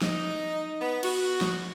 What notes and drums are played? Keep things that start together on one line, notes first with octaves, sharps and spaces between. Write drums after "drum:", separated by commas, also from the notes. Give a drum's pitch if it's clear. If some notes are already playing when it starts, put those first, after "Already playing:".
D#4, drum: snare
B3
F#4, drum: cymbal
drum: snare